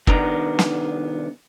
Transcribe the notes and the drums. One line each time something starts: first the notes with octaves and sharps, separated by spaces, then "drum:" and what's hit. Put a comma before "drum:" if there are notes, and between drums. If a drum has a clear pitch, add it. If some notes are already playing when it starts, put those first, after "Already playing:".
C2 D#3 B3 D4 A#5, drum: kick
drum: snare